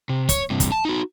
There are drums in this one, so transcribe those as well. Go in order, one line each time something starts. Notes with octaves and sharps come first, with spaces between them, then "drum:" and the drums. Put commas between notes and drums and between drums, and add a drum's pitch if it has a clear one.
C3
C#5, drum: kick, hi-hat
G2 C3
drum: kick, hi-hat
A5
D#4 F#4